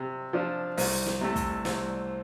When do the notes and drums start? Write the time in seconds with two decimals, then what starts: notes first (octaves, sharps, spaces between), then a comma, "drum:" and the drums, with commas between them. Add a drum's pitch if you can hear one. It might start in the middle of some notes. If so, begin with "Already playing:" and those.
Already playing: C3
0.33 F3 D4
0.78 C2, drum: open hi-hat
1.06 drum: snare
1.21 C3 A3
1.36 drum: kick, hi-hat
1.65 C2, drum: snare